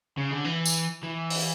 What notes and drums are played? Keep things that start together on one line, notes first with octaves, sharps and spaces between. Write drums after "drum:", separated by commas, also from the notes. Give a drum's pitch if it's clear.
C#3
D3
E3
drum: tambourine
E3
drum: open hi-hat